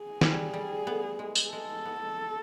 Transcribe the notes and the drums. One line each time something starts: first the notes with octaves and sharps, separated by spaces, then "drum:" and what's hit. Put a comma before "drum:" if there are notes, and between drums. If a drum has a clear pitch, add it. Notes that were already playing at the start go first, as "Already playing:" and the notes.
Already playing: G#4
G3, drum: snare
G3
B3
G#3
drum: tambourine
G#3 A4
B3